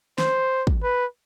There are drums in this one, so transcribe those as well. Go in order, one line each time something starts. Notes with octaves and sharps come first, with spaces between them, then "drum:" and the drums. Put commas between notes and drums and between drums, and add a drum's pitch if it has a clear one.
C5, drum: snare
drum: kick
B4